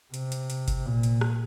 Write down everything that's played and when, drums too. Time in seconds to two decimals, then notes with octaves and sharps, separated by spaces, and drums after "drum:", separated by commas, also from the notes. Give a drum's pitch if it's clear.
0.14 C3, drum: hi-hat
0.32 drum: hi-hat
0.50 drum: hi-hat
0.68 drum: kick G1, hi-hat
0.86 A#2
1.03 drum: hi-hat
1.21 drum: rim click